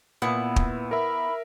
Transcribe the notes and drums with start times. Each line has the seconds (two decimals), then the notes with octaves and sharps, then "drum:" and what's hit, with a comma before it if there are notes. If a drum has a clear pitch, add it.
0.22 A#2 B3 E4 F#5
0.56 drum: kick
0.91 A#4 E5 B5